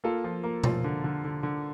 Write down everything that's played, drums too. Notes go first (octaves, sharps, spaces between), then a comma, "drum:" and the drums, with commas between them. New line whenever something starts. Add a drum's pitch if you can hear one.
A#3 F4 A4
F3
A#3
F3, drum: tom B2
D3
D3
D3
D3